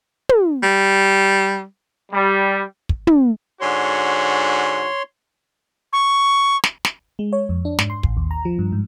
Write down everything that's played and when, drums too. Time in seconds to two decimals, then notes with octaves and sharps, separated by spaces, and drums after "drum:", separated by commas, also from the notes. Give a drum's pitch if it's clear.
0.29 drum: tom
0.63 G3
2.10 G3
2.89 drum: kick
3.07 drum: tom
3.61 G#2 D3 F#4 C#5 C6
5.93 C#6
6.64 drum: snare
6.85 drum: snare
7.19 G#3
7.33 C#5
7.49 F2
7.65 D4
7.79 G#2, drum: snare
7.90 C6
8.03 A1, drum: kick
8.17 D#2
8.31 A#5
8.45 F3
8.59 G2
8.72 G#2